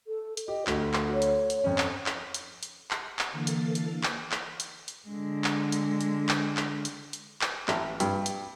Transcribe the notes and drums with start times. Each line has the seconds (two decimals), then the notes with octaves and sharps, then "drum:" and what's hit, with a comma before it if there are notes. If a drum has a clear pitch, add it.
0.07 A4
0.37 drum: hi-hat
0.48 G4 D#5
0.67 D2 F#4, drum: clap
0.94 drum: clap
1.12 C#5
1.22 drum: hi-hat
1.50 drum: hi-hat
1.64 F2 C#4
1.78 drum: clap
2.06 drum: clap
2.34 drum: hi-hat
2.63 drum: hi-hat
2.91 drum: clap
3.19 drum: clap
3.31 D3 E3 A#3 A4 F5 A6
3.47 drum: hi-hat
3.75 drum: hi-hat
4.03 drum: clap
4.32 drum: clap
4.60 drum: hi-hat
4.88 drum: hi-hat
5.08 D3 G#3
5.44 drum: clap
5.72 drum: hi-hat
6.01 drum: hi-hat
6.29 drum: clap
6.57 drum: clap
6.85 drum: hi-hat
7.13 drum: hi-hat
7.41 drum: clap
7.68 A1, drum: clap
8.00 G2, drum: hi-hat
8.26 drum: hi-hat